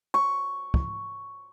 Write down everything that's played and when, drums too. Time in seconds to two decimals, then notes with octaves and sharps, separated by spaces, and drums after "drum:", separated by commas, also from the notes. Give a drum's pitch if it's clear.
0.14 C#6
0.74 drum: kick